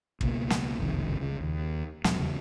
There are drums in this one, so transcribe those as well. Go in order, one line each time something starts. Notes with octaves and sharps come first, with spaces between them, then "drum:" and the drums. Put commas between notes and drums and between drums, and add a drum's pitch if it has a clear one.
C#2 B2 A#3, drum: kick
drum: snare
F#1 C2 F2 D#3
C#2 C#3
D#2
E2 B2 F#3, drum: snare
E2 C#3